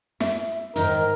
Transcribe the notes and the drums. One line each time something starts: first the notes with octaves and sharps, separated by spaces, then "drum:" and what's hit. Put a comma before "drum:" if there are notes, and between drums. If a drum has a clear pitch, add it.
E5, drum: snare
G#2 D#3 D#4 A#4, drum: hi-hat